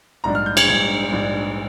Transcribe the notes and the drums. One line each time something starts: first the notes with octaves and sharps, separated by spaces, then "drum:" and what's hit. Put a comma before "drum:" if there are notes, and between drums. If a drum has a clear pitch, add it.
A#1 G#2 G3 D4 A#5
F6
G6
G#6, drum: cymbal
A#1 G#2 G3 D4 G#6
A#1 G#2 G3 D4